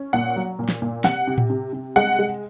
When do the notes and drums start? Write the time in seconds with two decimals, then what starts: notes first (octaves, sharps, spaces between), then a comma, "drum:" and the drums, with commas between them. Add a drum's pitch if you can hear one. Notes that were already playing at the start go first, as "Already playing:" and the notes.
Already playing: C#4
0.13 A#2 F#5
0.36 F#3
0.59 A#2
0.69 drum: snare
0.82 A#2
1.04 C3 F#5, drum: snare
1.27 C3
1.38 drum: tom A2
1.50 C3
1.73 C3
1.96 G#3 F#5
2.19 G#3